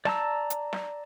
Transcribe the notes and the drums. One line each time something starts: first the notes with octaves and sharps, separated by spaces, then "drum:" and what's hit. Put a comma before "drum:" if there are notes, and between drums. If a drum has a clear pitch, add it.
D5 A5 A#5 E6, drum: snare
drum: hi-hat
drum: snare